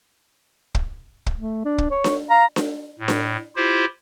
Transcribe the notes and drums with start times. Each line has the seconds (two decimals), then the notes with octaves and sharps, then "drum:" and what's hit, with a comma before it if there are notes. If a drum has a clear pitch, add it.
0.75 drum: kick
1.26 drum: kick
1.36 A3
1.65 D4
1.78 drum: kick
1.91 C#5
2.04 drum: snare D4
2.30 F5 A#5
2.56 drum: snare D4
2.99 A2
3.08 drum: snare D4
3.56 E4 F4 G4 C5